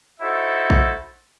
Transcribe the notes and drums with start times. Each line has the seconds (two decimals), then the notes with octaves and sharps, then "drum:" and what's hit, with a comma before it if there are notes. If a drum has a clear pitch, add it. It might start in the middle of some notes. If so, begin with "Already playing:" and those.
0.20 D#4 E4 F#4 A4 C5 E5
0.70 drum: kick A#1